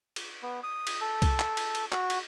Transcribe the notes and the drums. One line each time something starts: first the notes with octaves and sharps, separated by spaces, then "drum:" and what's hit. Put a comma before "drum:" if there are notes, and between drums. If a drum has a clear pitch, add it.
drum: cymbal
B3
D#6
drum: cymbal
A4
drum: kick C2, cymbal
drum: clap
drum: cymbal
drum: cymbal
F#4, drum: clap
drum: cymbal